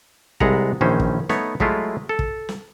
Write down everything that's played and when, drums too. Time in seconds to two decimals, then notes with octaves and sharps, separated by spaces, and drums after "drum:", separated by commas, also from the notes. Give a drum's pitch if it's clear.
0.40 C2 G#3 A4 B4 F#5 A#5, drum: kick
0.81 A#1 D#3 E3 C#4 C5
1.00 drum: kick
1.29 A3 B3 D#4 C#5, drum: snare
1.60 F#3 G#3 A3 E4 F4, drum: kick
2.09 A4
2.19 drum: kick
2.49 drum: snare